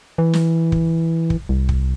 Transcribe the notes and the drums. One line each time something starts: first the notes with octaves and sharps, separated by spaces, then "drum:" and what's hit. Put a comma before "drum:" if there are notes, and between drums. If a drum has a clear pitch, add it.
E3
drum: snare
drum: kick
drum: kick
C2
drum: kick